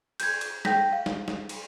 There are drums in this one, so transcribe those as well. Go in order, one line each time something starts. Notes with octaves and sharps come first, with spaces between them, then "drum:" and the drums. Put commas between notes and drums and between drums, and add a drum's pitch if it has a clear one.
G6 G#6, drum: cymbal
drum: cymbal
G5 G6 A#6 B6, drum: snare
F5
drum: snare
drum: snare
drum: cymbal